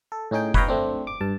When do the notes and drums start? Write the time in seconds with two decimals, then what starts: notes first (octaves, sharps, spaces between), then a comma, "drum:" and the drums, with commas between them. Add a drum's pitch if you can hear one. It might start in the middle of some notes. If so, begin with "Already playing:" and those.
0.12 A4
0.31 A2 C#4 D#4 G#4 G5
0.54 B4 C#5 D#5 F5 G5 A#5, drum: kick F1
0.68 A3 C4 D4
1.07 D6
1.21 G2 A5